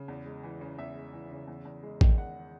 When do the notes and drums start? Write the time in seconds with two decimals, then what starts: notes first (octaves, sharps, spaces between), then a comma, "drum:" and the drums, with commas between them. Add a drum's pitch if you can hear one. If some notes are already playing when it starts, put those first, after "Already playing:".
Already playing: C#3
0.08 E2
0.26 G#3
0.43 E3
0.61 C#3
0.78 E2 E5
0.95 G#3
1.13 E3
1.31 C#3
1.48 E2
1.65 E2
1.83 G#3
2.01 D#3, drum: kick
2.18 E2 F#5